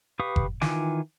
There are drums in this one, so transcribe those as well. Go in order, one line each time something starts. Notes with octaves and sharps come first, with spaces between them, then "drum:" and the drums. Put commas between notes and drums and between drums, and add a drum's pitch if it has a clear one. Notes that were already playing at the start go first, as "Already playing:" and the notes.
G4 B4 F5 C#6 D#6
drum: kick F#1
D#3 E3 F4 G#5 D6, drum: snare